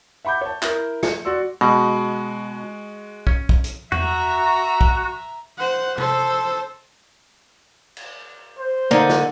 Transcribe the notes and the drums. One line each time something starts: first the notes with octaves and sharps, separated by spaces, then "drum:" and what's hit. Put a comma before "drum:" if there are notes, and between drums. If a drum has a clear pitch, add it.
E5 F#5 B5 D6 G6
C#5 A5
E4 A#4, drum: clap
C#7, drum: snare
F#4 D5 C6 E6
B2 G#3 F#4
C#4, drum: kick
drum: kick
drum: hi-hat
F#4 E5 A#5, drum: tom E2
drum: kick
C5 F#5
A4 C5, drum: tom C3
drum: cymbal
C5
D3 A#3 D#4
drum: snare